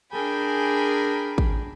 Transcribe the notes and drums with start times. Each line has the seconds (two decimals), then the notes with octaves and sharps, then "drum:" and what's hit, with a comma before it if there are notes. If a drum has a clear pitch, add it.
0.11 D4 G#4 A#4 G5 G#5 B5
1.38 drum: kick